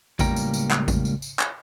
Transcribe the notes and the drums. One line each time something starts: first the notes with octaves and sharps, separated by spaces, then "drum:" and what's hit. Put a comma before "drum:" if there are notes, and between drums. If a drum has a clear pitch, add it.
C#2 A2 G3 A#3 G5 A#5, drum: kick A1, tambourine
drum: tambourine
drum: tambourine
drum: clap
drum: kick A1, tambourine
drum: tambourine
drum: tambourine
drum: clap